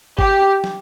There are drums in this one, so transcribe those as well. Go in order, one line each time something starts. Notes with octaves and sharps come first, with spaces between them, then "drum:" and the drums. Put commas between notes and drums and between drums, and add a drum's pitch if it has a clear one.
G4, drum: kick
drum: snare